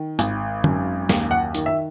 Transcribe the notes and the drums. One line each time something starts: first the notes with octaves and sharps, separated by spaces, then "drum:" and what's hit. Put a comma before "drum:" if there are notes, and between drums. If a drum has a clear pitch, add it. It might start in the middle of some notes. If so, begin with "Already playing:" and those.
Already playing: D#3
G#1, drum: hi-hat
F#2, drum: tom
D#2, drum: snare
F#5
D#3, drum: hi-hat
E5